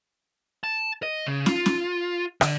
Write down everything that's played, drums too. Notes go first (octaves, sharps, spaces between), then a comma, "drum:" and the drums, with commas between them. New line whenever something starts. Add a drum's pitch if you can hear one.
A5
D#5
C#3
F4, drum: snare
drum: snare
D3, drum: rim click